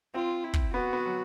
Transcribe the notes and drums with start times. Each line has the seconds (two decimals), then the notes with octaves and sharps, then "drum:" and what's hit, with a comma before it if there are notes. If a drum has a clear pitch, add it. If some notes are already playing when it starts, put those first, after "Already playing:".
0.14 C4 F4
0.44 E4
0.54 drum: kick
0.73 B3 F#4
0.93 B3
1.06 F#3